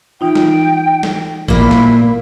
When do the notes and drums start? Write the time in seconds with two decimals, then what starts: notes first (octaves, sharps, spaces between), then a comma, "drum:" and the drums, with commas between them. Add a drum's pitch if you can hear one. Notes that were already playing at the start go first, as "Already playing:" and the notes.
0.21 E3 D#4 F4 G5
0.35 drum: snare
1.03 drum: snare
1.48 A#2 A#3 E4, drum: kick G#1
1.71 drum: snare